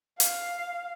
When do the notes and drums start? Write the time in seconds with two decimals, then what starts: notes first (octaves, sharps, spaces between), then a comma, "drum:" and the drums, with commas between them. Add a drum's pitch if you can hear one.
0.20 F5, drum: hi-hat